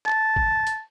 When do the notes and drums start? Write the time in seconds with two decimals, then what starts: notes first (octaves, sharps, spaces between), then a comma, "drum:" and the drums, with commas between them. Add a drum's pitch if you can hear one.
0.06 A5, drum: clap
0.36 drum: kick
0.67 drum: hi-hat